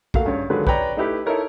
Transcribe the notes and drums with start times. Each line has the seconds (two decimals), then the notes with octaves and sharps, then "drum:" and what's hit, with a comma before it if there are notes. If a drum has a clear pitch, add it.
0.14 A3 A#3 F#4 F5, drum: kick
0.26 G2 C#3 C#5
0.50 D3 D#3 F#3 G#3 F4 B4
0.67 B4 C#5 D5 G5 A#5, drum: kick
0.96 A3 D#4 E4 G4 B4
1.26 D#4 E4 A4 A#4 C#5